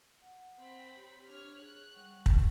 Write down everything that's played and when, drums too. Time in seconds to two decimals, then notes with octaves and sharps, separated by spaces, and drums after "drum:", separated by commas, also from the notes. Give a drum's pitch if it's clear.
0.22 F#5
0.58 C4 B5
0.97 G4 C#5
1.28 D4 C#5 F6
1.58 G#4 F#6
1.93 G3 F#5 C#6
2.26 drum: kick